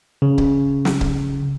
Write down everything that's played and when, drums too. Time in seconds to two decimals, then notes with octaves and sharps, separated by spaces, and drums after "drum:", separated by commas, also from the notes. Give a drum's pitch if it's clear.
0.22 C#3
0.38 drum: kick C#1
0.85 drum: snare
1.01 drum: kick C#1